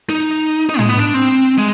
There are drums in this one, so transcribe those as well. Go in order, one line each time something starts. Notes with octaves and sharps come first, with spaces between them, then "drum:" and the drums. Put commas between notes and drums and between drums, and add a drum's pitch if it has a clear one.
D#4
D#4
G#3, drum: tom
B3
D4
C4
G#3